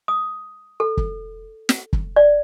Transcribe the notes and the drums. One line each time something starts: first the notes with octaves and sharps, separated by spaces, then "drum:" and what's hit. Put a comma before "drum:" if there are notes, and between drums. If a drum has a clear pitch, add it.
D#6
A4
drum: kick
drum: snare
drum: kick
D5